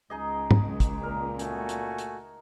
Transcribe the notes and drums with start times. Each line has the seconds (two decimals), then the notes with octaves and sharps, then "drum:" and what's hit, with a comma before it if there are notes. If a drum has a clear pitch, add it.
0.10 C#2 D#4 G#4 D#5
0.51 drum: tom
0.80 drum: kick, hi-hat
1.03 A#2 A#4
1.39 A3 F#4 G#5, drum: hi-hat
1.69 drum: hi-hat
1.99 drum: hi-hat